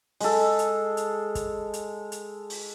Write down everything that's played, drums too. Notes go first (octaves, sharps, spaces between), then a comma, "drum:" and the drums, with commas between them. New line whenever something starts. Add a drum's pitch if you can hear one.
G#3 A4, drum: open hi-hat
drum: hi-hat
drum: hi-hat
drum: kick, hi-hat
drum: hi-hat
drum: hi-hat
drum: open hi-hat